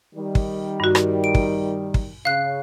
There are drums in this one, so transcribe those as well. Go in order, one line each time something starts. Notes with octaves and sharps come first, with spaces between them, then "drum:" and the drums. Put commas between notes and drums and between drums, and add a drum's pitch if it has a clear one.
D#3 G3
drum: kick
G2 F#4
drum: rim click
D7
drum: kick
drum: kick
C#3 F5 F#6